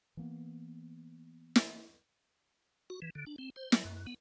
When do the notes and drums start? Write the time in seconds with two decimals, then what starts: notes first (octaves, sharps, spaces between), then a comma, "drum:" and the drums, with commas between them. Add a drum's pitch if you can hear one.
0.17 E3 A#3 B3
1.56 drum: snare
2.90 F#4
3.02 E3
3.15 D3
3.26 D4
3.38 C4
3.56 C5
3.72 F#3, drum: snare
3.84 F#2
4.07 B3